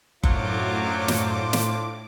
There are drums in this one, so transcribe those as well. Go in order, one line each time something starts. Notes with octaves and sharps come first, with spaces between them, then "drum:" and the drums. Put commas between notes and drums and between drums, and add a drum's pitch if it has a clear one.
F#2 A2 F#3 D4 F4 C5 D6, drum: kick F#1
drum: snare
drum: snare